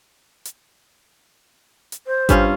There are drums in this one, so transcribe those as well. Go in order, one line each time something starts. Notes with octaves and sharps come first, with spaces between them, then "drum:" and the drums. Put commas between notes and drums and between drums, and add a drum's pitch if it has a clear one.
drum: hi-hat
drum: hi-hat
C5
G2 C#4 F4, drum: kick G#1, hi-hat